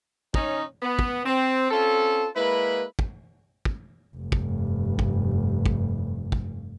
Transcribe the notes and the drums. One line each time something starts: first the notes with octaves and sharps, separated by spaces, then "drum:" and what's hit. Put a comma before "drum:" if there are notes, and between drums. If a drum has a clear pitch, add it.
C#4 D#4, drum: kick
B3
drum: kick
C4
C4 C#4 F4 A4
G#3 A#3 E4 B4
drum: kick
drum: kick
F1 G2
drum: kick
drum: kick
drum: kick
drum: kick